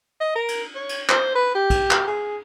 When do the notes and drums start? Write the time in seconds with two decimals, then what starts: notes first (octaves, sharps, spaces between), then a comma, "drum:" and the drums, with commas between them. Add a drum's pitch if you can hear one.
0.21 D#5
0.35 A#4
0.48 drum: cymbal
0.75 C#5
0.89 drum: cymbal
1.09 C5, drum: clap
1.35 B4
1.55 G4
1.70 drum: kick, cymbal
1.91 drum: clap
2.07 G#4